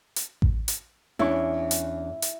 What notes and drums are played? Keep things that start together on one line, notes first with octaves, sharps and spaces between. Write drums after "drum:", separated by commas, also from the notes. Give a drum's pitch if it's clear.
drum: hi-hat
drum: kick A1
drum: hi-hat
E2 C#4 D4 E4 C#6
drum: hi-hat
drum: hi-hat